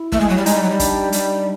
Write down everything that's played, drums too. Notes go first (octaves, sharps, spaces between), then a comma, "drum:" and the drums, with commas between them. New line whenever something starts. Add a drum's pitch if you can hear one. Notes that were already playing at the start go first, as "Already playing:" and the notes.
Already playing: E4
A3, drum: kick
G#3
F#3
G3
G#3 D#4, drum: hi-hat
G3
F#3
G3
D4, drum: kick, hi-hat
G3, drum: hi-hat